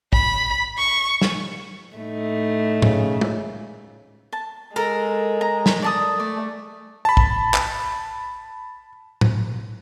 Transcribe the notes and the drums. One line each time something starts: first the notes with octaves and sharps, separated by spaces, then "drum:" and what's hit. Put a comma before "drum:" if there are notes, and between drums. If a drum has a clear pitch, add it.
B5, drum: kick
C#6
drum: snare
A2 A3 D#4
C#3, drum: tom A2
drum: tom
A5
G#3 A4 A#4 A#5
A#5
drum: snare
D5 A5 D#6
A3 D5
A5 B5
drum: kick
drum: clap
drum: tom A2